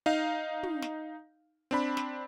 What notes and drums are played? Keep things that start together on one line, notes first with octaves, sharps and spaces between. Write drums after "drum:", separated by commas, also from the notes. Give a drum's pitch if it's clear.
D#4 F5
drum: tom
drum: snare
C4 D4 B5
drum: snare